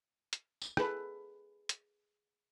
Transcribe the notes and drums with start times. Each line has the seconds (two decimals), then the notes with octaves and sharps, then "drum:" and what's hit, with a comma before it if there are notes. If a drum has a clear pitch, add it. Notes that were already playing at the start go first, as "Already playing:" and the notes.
0.33 drum: hi-hat
0.62 drum: tambourine
0.77 G#4 A4 B4, drum: rim click
1.69 drum: hi-hat